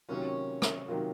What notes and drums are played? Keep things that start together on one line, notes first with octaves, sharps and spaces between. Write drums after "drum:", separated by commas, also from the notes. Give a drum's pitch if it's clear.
C3 D#3 F#3 A#3 C#4 F4
drum: rim click
C3 D#3 F#3 A#3 F4